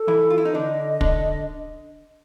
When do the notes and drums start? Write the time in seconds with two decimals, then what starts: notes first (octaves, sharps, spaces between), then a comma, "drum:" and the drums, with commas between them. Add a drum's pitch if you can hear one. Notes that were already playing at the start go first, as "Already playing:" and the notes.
Already playing: A4
0.08 E3 E4
0.30 F4
0.38 E4
0.45 D#4
0.54 D3 D4 D#5
1.01 D3 D4, drum: kick